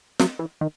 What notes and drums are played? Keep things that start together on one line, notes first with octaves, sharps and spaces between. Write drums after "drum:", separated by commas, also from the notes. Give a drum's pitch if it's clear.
F#3, drum: snare
E3
D#3